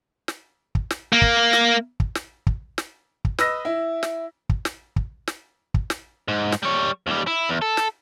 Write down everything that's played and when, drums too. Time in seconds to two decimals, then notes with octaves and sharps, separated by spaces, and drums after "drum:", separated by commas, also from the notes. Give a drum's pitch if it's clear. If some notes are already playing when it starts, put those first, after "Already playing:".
0.28 drum: snare
0.75 drum: kick
0.91 drum: snare
1.13 A#3
1.22 drum: kick
1.53 drum: snare
2.00 drum: kick
2.15 drum: snare
2.47 drum: kick
2.78 drum: snare
3.25 drum: kick
3.39 B4 D#5 E6 A#6, drum: snare
3.65 E4
4.03 drum: snare
4.49 drum: kick
4.65 drum: snare
4.96 drum: kick
5.27 drum: snare
5.74 drum: kick
5.90 drum: snare
6.28 G#2
6.52 drum: snare
6.63 G3 C#5
7.07 D#2 G3
7.27 E4
7.49 E2
7.62 A4
7.77 drum: snare